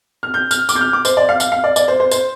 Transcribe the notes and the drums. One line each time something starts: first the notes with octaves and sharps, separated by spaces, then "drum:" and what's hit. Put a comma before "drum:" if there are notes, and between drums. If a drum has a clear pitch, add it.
F6
G6
F6, drum: tambourine
D6, drum: tambourine
G6
F6
D6
C5, drum: tambourine
D5
F5
F5, drum: tambourine
F5
D5
D5, drum: tambourine
C5
C5
C5, drum: tambourine